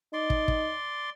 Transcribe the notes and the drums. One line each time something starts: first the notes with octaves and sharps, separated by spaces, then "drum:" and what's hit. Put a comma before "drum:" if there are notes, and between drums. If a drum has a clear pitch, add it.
D#4 D5 C6
drum: kick
drum: kick